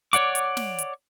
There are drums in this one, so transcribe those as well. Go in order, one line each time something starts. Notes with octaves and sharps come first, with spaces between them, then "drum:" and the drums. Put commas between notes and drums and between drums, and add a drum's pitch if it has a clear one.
C#5 D5 F#5 D6, drum: hi-hat
drum: hi-hat
drum: snare
drum: hi-hat